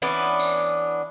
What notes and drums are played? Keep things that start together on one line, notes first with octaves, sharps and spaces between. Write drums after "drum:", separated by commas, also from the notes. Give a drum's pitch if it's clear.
E3 B3 C#4 D4
drum: tambourine